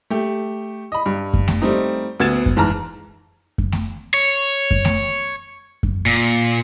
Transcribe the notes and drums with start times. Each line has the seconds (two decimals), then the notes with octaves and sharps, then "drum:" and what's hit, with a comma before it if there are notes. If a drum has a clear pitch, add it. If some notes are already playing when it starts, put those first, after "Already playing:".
0.10 A3 G4
0.92 D#5 B5
1.06 G2
1.34 drum: kick F#2
1.48 drum: snare A3
1.62 G3 A3 C4 D#4
2.20 D2 B3 G#6 A6 E7
2.46 drum: kick F#2
2.57 G#2 E3 A5 A#5 F6
3.58 drum: kick F#2
3.72 drum: snare A3
4.14 C#5
4.71 drum: kick F#2
4.85 drum: snare A3
5.83 drum: kick F#2
6.06 A#2